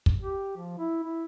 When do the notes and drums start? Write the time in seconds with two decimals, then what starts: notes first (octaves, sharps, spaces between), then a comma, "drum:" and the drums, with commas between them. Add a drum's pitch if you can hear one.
0.06 drum: kick
0.22 G4
0.57 F3
0.78 E4
1.04 E4